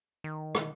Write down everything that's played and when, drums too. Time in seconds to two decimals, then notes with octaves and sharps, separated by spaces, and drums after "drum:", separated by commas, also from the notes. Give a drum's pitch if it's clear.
0.24 D#3
0.55 drum: rim click